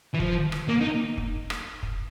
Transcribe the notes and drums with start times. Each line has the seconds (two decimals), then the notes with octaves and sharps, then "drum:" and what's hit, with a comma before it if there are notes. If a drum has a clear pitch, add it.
0.14 E3
0.20 F3, drum: kick
0.52 drum: rim click
0.68 A#3
0.81 D#4
1.17 drum: kick
1.50 drum: rim click
1.83 drum: kick